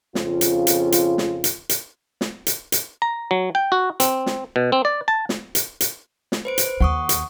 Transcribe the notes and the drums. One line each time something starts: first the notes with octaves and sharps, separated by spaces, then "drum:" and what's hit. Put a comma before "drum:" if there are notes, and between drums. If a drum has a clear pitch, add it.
F2 C#3 F4, drum: snare
drum: hi-hat
drum: hi-hat
drum: hi-hat
drum: snare
drum: hi-hat
drum: hi-hat
drum: snare
drum: hi-hat
drum: hi-hat
A#5
F#3
G5
F#4
C4, drum: hi-hat
drum: snare
B2
C4
D5
A5
drum: snare
drum: hi-hat
drum: hi-hat
drum: snare
B4 C5 D7
drum: hi-hat
D#2 F#5 C#6 D#6
drum: hi-hat